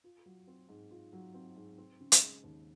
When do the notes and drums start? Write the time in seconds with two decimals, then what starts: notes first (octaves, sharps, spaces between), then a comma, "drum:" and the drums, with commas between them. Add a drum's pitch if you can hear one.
0.04 F4
0.26 F#3
0.47 C4
0.69 G#2
0.91 F4
1.13 F#3
1.34 C4
1.56 G#2
1.78 C4
2.00 C#3
2.12 drum: hi-hat
2.21 G#3
2.44 D#2